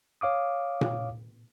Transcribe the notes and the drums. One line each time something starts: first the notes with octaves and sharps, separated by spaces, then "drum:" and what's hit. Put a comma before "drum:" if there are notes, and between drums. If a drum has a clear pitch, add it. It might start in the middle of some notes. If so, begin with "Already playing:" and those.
C#5 F5 D6 D#6
drum: tom A#2